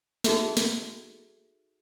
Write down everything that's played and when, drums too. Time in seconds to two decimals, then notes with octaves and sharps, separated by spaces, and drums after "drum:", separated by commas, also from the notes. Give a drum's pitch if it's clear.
0.24 D#4 F#4 G#4 A4 E5, drum: snare
0.57 drum: snare